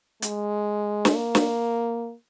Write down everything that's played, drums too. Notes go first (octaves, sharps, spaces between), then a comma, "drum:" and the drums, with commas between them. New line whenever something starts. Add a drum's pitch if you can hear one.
G#3, drum: hi-hat
drum: snare
A#3
drum: snare